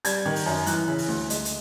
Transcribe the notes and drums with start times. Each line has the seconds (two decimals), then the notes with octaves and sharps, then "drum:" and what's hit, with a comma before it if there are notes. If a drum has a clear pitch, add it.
0.05 G3 G#6, drum: hi-hat
0.25 D#3
0.36 drum: open hi-hat
0.46 F#2
0.66 E3 F#6, drum: hi-hat
0.88 C#3
0.98 drum: open hi-hat
1.08 D2
1.30 G#3, drum: hi-hat
1.45 drum: hi-hat